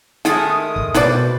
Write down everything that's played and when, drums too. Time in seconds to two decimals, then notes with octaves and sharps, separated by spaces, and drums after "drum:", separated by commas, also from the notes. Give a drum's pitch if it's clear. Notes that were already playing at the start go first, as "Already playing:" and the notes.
0.25 D#3 G#3 A3 G#5 D#6, drum: snare
0.76 drum: kick
0.94 B2 B4 C5 D5, drum: snare